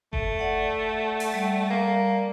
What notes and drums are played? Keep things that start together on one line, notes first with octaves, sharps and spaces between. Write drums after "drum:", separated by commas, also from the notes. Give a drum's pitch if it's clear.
A3, drum: kick F#1
D5 F#5
drum: open hi-hat
G3 D5
A#3